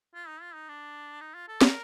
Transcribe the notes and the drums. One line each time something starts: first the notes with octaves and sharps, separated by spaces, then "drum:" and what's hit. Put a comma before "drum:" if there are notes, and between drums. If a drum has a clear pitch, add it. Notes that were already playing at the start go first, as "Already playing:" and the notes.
F4
D#4
F4
D#4
D4
D#4
F4
A4
A#4, drum: snare